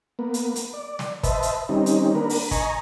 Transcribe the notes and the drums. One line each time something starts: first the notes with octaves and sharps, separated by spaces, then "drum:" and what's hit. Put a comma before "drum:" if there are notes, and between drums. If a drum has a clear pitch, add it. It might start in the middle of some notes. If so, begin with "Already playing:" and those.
A#3 B3
drum: hi-hat
drum: hi-hat
D5
drum: snare
B4 C5 D#5 E5 A5, drum: kick, hi-hat
drum: hi-hat
D#3 G3 C4 C#4 D#4
drum: hi-hat
A#3 D4 A#4 B4
drum: open hi-hat
D#5 G#5 A#5 C#6, drum: kick, hi-hat